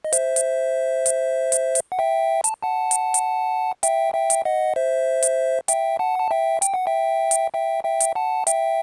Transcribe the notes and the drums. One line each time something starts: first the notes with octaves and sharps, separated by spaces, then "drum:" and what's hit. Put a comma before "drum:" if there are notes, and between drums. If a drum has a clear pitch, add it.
D#5
C5 E5, drum: hi-hat
drum: hi-hat
drum: hi-hat
drum: hi-hat
drum: hi-hat
F#5
E5 G5
A5, drum: hi-hat
F#5 A5
drum: hi-hat
drum: hi-hat
E5 G5, drum: hi-hat
E5 G5
drum: hi-hat
D#5 F#5
C5 E5
drum: hi-hat
E5 G5, drum: hi-hat
F#5 A5
A5
E5 G5
G5, drum: hi-hat
F#5
E5 G5
drum: hi-hat
E5 G5
E5 G5
drum: hi-hat
F#5 A5
E5 G5, drum: hi-hat